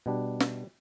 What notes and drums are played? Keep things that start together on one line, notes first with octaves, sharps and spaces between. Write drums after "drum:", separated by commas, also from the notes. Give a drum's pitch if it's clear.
B2 G3 D4
drum: snare